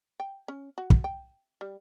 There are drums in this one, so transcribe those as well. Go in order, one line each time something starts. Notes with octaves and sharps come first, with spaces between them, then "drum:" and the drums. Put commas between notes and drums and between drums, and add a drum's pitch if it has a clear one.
G5
C#4
F#4
drum: kick
G5
G3